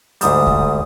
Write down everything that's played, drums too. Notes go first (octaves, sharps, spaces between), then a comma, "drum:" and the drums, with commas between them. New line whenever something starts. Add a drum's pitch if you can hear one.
D2 G#2 G3 D#6, drum: hi-hat
drum: kick D2